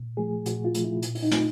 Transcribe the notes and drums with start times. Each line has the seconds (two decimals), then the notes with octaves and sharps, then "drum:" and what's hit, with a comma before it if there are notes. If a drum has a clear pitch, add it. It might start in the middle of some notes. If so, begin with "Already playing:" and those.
Already playing: A#2
0.17 F3 A3 G#4
0.46 A#2 F#4, drum: hi-hat
0.65 F4
0.74 F3 A3, drum: hi-hat
0.84 E4
1.02 A#2, drum: hi-hat
1.15 E4, drum: open hi-hat
1.23 D#4
1.31 F#3 A3, drum: snare